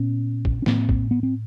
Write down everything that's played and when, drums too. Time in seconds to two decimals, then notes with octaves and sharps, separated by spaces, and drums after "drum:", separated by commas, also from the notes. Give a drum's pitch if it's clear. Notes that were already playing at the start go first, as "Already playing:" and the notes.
Already playing: A#2 B3 C#4
0.45 drum: kick
0.62 C#4
0.66 A2 A#3 C4, drum: snare
0.89 drum: kick
1.11 B3
1.23 C4